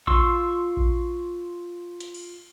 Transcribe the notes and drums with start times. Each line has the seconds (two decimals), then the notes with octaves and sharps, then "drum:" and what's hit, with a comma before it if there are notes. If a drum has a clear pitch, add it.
0.07 F4 C6 C#6 E6, drum: kick A#1
0.77 drum: kick A#1
2.00 drum: hi-hat
2.14 drum: cymbal